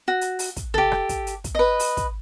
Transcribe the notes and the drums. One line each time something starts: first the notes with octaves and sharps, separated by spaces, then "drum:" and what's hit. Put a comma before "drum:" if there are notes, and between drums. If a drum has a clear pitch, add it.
F#4
drum: hi-hat
drum: open hi-hat
drum: kick, hi-hat
G4 A4, drum: tom
drum: rim click
drum: kick, hi-hat
drum: hi-hat
drum: kick, hi-hat
B4 D#5
drum: open hi-hat
drum: kick, hi-hat